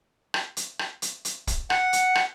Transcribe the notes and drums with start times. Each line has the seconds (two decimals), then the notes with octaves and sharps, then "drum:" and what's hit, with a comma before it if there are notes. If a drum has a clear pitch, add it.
0.34 drum: rim click
0.57 drum: hi-hat
0.79 drum: rim click
1.02 drum: hi-hat
1.25 drum: hi-hat
1.47 drum: kick, hi-hat
1.70 F#5, drum: rim click
1.93 drum: hi-hat
2.15 drum: rim click